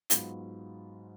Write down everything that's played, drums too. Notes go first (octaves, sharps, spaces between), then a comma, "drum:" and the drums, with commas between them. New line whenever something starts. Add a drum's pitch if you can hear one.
G#2 F#3 B3 F4, drum: hi-hat